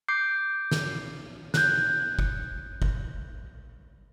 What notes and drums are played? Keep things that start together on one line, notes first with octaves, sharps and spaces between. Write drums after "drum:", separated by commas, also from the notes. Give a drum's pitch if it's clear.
D6 G6 C7
drum: snare
F#6 G6, drum: snare
drum: kick
drum: kick